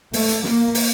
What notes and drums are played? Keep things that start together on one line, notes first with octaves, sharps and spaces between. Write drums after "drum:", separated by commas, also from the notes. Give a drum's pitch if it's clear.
A3, drum: open hi-hat
drum: hi-hat
A#3, drum: snare
drum: open hi-hat